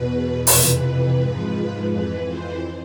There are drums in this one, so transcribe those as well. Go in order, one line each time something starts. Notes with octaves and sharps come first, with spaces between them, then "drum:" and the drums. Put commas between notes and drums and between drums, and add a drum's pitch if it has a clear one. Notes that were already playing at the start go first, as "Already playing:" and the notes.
Already playing: E2 B2 B4
F2 C3 E3 B4, drum: open hi-hat
G#2 F3
F2 E3 B4
C5